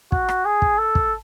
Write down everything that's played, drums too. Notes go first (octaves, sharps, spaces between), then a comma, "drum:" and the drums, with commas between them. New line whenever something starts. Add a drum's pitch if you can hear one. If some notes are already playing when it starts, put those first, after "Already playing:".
F#4, drum: kick
drum: rim click
G#4
drum: kick
A4
drum: kick